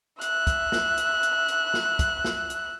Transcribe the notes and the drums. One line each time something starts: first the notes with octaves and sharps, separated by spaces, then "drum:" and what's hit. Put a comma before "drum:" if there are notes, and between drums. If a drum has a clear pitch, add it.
E5 F#6, drum: hi-hat
drum: kick, hi-hat
drum: snare
drum: hi-hat
drum: hi-hat
drum: hi-hat
drum: snare
drum: kick, hi-hat
drum: snare
drum: hi-hat